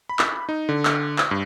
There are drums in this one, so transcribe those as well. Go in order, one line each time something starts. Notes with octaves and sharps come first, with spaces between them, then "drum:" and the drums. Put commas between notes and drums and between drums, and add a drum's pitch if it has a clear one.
B5
drum: clap
D#4
D3
drum: clap
drum: clap
G2